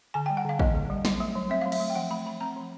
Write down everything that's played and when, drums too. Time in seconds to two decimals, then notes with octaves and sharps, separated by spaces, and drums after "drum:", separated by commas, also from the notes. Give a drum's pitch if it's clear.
0.14 D3 G#5
0.26 G5
0.30 G3
0.37 F#5
0.45 D3 F5
0.59 A#3 D#5, drum: kick A1
0.75 D3
0.90 G3
1.05 F#3, drum: snare
1.20 A3
1.35 F#3
1.50 C4 E5
1.61 F#3 F5
1.72 E5, drum: cymbal
1.80 A3
1.90 G5
1.95 F3 F#5
2.10 A3 B5
2.26 F3 B5
2.40 C4 A#5
2.57 F3